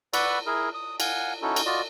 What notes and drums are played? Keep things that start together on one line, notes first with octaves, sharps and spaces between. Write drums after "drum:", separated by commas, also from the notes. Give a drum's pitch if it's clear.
B4 D5 F#5 B5 C#6 E6, drum: cymbal
E4 G#4 A#4
D#6
F5 F#5 G#5, drum: cymbal
C#4 D#4 E4 F#4 A4
drum: cymbal
F4 F#4 D5 D#5